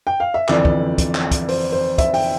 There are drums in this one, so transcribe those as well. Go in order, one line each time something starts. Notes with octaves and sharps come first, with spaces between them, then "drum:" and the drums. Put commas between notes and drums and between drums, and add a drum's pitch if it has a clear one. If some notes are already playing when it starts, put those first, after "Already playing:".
G5
F5
E5
G1 F2 E3 D5, drum: clap
drum: kick
drum: kick, hi-hat
drum: clap
drum: kick, hi-hat
C5, drum: open hi-hat
C5
E5, drum: kick, hi-hat
G5, drum: open hi-hat